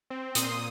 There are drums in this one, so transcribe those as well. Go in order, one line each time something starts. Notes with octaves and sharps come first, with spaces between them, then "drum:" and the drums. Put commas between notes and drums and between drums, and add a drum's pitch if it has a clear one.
C4
A#2 D#6, drum: hi-hat
C6
D#6